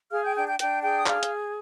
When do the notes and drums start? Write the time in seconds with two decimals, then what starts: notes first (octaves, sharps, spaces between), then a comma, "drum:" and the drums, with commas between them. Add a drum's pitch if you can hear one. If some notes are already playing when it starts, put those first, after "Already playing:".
0.11 G#4 F5 F6
0.24 G5 G6
0.35 D4 G5 G6
0.47 G5 G6
0.59 D4 G5 G6, drum: hi-hat
0.82 G#4 G5 G6
0.97 D#6
1.06 G#4 F5 F6, drum: clap
1.23 drum: hi-hat